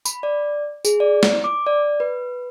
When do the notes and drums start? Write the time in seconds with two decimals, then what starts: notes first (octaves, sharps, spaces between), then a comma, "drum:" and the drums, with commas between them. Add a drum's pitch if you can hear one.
0.05 B5, drum: tambourine
0.23 D5
0.85 G#4, drum: tambourine
1.00 D5
1.23 drum: snare
1.44 D6
1.67 D5
2.00 B4